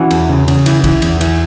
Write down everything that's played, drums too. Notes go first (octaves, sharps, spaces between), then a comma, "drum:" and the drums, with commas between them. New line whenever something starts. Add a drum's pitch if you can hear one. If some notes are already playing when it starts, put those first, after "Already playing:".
Already playing: E3 C#4 F#4
E2, drum: cymbal
C#3
C#3, drum: cymbal
E3, drum: cymbal
E3, drum: kick A#1, cymbal
E2, drum: cymbal
E3, drum: cymbal